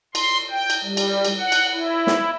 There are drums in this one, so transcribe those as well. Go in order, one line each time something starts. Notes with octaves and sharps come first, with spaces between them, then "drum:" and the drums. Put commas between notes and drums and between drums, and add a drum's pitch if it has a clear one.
C6, drum: cymbal
G5
drum: cymbal
G3
drum: cymbal
drum: cymbal
F#5
drum: cymbal
E4
drum: snare